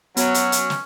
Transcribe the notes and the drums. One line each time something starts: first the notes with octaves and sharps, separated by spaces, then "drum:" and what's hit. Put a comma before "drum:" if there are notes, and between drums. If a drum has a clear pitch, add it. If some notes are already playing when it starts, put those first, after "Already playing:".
F#3 B3 C#4, drum: hi-hat
drum: hi-hat
drum: hi-hat
drum: snare